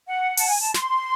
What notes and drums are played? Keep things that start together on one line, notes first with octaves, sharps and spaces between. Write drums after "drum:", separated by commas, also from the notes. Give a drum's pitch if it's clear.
F#5
A5, drum: open hi-hat
G#5
A5
C6, drum: snare